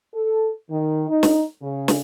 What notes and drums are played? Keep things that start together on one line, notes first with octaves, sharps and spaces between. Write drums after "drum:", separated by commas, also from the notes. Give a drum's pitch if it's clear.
A4
D#3
D#4
drum: snare
C#3
drum: snare